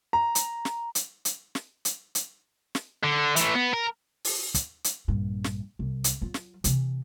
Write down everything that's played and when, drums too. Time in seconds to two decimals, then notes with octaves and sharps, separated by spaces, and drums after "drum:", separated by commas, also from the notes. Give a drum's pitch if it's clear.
0.13 A#5
0.35 drum: hi-hat
0.65 drum: snare
0.95 drum: hi-hat
1.25 drum: hi-hat
1.55 drum: snare
1.85 drum: hi-hat
2.15 drum: hi-hat
2.75 drum: snare
3.03 D3
3.36 E3 A3, drum: hi-hat
3.55 B3
3.73 A#4
4.25 drum: open hi-hat
4.54 drum: kick, hi-hat
4.84 drum: hi-hat
5.08 A#1 G2
5.44 drum: snare
5.79 C2
6.04 drum: hi-hat
6.22 F#3 F4
6.34 drum: snare
6.64 C3 E3, drum: hi-hat